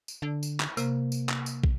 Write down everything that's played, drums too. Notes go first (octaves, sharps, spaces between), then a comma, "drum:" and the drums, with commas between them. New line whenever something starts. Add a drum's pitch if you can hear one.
drum: tambourine
D3
drum: tambourine
drum: clap
C3 A#3, drum: tambourine
drum: tambourine
drum: clap
drum: tambourine
drum: kick